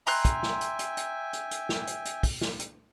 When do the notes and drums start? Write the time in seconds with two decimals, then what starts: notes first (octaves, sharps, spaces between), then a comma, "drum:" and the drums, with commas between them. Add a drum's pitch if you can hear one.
0.07 E5 G5 G#5 A#5 C6 F#6, drum: open hi-hat
0.25 drum: kick, hi-hat
0.43 drum: snare
0.61 drum: hi-hat
0.79 drum: hi-hat
0.97 drum: hi-hat
1.33 drum: hi-hat
1.51 drum: hi-hat
1.69 drum: snare
1.87 drum: hi-hat
2.05 drum: hi-hat
2.23 drum: kick, open hi-hat
2.41 drum: snare
2.59 drum: hi-hat